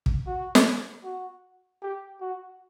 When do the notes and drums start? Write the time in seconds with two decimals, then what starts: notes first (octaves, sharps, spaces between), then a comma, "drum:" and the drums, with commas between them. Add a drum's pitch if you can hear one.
0.06 drum: kick
0.26 F#4
0.55 drum: snare
1.04 F#4
1.82 G4
2.20 F#4